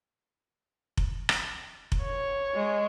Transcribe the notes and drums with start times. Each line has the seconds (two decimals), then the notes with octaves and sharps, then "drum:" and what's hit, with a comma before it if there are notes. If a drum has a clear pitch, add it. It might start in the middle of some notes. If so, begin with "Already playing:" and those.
0.97 drum: kick F1
1.29 drum: rim click
1.92 drum: kick F1
2.03 C#5
2.54 G#3